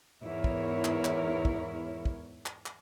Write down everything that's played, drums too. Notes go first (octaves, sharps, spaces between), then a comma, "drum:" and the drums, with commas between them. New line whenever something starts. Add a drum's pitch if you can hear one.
E2 G#2 E3 E4 A#4 C#5
drum: kick
drum: clap
drum: clap
drum: kick
drum: kick
drum: clap
drum: clap